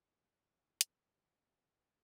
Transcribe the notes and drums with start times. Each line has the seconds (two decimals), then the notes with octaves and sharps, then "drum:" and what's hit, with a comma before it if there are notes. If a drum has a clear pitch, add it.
0.07 D#5
0.25 F#5
0.81 D#5, drum: hi-hat
1.17 A#4
1.26 F#4
1.35 G#4
1.45 D#5
1.54 A#4
1.67 C#5
1.79 A#4